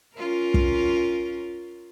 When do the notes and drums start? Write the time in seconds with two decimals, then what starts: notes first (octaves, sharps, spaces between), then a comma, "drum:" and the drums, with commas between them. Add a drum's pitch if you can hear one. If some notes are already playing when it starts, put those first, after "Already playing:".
0.16 C#4 F4 A#4
0.54 drum: kick